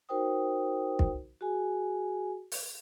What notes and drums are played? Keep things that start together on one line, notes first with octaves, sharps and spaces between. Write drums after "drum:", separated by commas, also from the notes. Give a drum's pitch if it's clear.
D#4 F#4 A#4 C5 G5 D#6
drum: kick
F#4 G#4 G#5
drum: open hi-hat